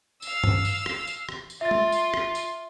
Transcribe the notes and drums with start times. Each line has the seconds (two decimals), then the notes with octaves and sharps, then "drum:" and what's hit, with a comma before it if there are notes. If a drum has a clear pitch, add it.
0.22 F5 E6, drum: tambourine
0.44 drum: tom G2
0.65 drum: tambourine
0.86 drum: rim click
1.07 drum: tambourine
1.29 drum: rim click
1.50 drum: tambourine
1.61 F4 E5 A6
1.71 drum: tom
1.92 drum: tambourine
2.14 drum: rim click
2.35 drum: tambourine